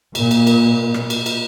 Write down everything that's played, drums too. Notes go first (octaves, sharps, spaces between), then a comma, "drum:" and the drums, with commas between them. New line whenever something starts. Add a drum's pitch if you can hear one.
A#2, drum: cymbal
drum: cymbal
drum: cymbal
drum: rim click
drum: cymbal
drum: cymbal